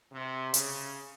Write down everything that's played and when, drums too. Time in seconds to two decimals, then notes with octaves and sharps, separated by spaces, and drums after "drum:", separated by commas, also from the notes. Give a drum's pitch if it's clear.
0.12 C3
0.54 C#3, drum: hi-hat